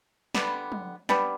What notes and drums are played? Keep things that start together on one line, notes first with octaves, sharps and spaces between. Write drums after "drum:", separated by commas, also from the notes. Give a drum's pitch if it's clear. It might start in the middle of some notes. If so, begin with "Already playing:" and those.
D3 G3 B3, drum: snare
drum: tom
G3 B3 D4, drum: snare